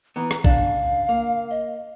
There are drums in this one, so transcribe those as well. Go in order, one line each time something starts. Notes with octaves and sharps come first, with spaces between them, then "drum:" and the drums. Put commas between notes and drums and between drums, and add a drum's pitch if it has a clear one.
E3 B3 A#5
drum: rim click
C#3 D4 F5, drum: kick A#1
A#3
D#5